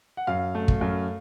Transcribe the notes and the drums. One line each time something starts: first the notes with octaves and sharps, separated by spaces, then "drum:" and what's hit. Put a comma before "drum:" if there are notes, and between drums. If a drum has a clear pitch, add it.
F#5
F#2 F5
A3
drum: kick
F#2